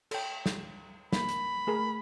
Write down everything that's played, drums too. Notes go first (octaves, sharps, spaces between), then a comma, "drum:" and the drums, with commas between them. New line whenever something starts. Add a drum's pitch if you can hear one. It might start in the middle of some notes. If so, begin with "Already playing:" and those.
A4 G5, drum: cymbal
drum: snare
A#3 B5, drum: snare
drum: hi-hat
A3 G#4 A#4